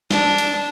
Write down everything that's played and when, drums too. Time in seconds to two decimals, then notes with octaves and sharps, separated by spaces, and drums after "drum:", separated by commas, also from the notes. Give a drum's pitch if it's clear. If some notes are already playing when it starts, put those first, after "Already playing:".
0.11 D4, drum: snare
0.38 drum: hi-hat